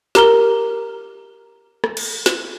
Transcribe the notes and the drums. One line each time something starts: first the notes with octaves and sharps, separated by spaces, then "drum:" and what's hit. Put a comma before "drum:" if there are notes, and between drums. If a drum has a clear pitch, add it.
G4 A#4 A#5 F6 G7, drum: snare
drum: rim click
drum: cymbal
drum: snare